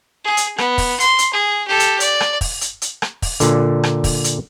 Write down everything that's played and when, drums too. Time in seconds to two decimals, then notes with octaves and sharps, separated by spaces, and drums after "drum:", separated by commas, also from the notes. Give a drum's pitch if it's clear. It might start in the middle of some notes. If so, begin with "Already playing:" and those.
0.25 G#4
0.37 drum: hi-hat
0.58 B3, drum: rim click
0.78 drum: kick, open hi-hat
1.00 C6, drum: hi-hat
1.19 drum: hi-hat
1.33 G#4
1.68 G4 A4
1.80 drum: hi-hat
2.00 D5, drum: hi-hat
2.20 drum: rim click
2.41 drum: kick, open hi-hat
2.61 drum: hi-hat
2.82 drum: hi-hat
3.02 drum: rim click
3.22 drum: kick, open hi-hat
3.40 A#2 D3, drum: hi-hat
3.83 drum: rim click
4.04 drum: kick, open hi-hat
4.24 drum: hi-hat